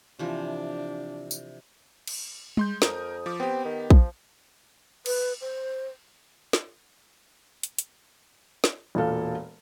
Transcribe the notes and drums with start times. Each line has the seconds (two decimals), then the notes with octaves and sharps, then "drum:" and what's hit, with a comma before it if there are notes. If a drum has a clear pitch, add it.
0.19 C3 E3 F3 D4
1.31 drum: tambourine
2.08 drum: cymbal
2.57 G#3 C6 G6, drum: tom G3
2.82 F2 A#4 D#6, drum: snare
3.26 F3 D6
3.40 B3 C4 G4
3.65 D#3
3.90 F3, drum: kick A#1
5.06 B4, drum: cymbal
5.41 C5
6.53 drum: snare
7.63 drum: hi-hat
7.79 drum: hi-hat
8.64 drum: snare
8.95 E1 A#2 A4 F5